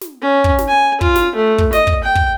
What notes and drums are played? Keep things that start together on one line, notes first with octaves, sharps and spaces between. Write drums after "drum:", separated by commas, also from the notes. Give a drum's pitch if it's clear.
drum: snare
C#4
drum: kick
drum: snare
G#5
F4, drum: kick
drum: snare
A3
drum: kick
D#5, drum: snare
drum: kick
G5
drum: kick